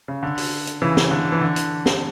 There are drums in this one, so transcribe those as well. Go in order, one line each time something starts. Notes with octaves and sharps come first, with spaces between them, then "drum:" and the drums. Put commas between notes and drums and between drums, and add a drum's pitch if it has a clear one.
C#3
D3
drum: open hi-hat
drum: hi-hat
C#3 E3
drum: snare
D3
E3
D3
drum: hi-hat
drum: snare